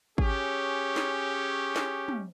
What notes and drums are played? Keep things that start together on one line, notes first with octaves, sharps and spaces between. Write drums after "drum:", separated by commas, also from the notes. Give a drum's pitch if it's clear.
C#4 G4 G#4 C#5, drum: kick G#1
drum: snare
drum: snare
drum: tom